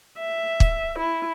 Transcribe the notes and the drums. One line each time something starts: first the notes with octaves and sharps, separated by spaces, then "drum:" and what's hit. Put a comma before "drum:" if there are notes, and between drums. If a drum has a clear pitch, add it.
E5
drum: kick
E4